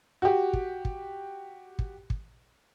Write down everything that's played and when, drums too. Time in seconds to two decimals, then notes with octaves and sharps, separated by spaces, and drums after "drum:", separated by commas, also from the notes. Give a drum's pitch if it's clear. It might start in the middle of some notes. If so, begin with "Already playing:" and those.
0.22 F#4 G4
0.53 drum: kick
0.85 drum: kick
1.79 drum: kick
2.10 drum: kick